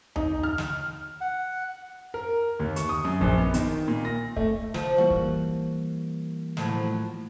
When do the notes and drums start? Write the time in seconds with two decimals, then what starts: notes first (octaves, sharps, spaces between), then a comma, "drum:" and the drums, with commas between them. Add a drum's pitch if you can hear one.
0.16 D#4, drum: tom D#2
0.43 F6
0.58 drum: snare
1.21 F#5
2.14 A#4
2.60 D#2
2.76 C#6, drum: hi-hat
2.89 D#6
3.05 F#2
3.21 A#1, drum: kick
3.38 B3
3.54 D#3, drum: hi-hat
3.88 A#2
4.05 A#6
4.37 A3, drum: kick
4.74 F3, drum: snare
4.98 E3 G3 A#3 F#4
5.10 drum: kick
6.57 A2 F3 F#3, drum: snare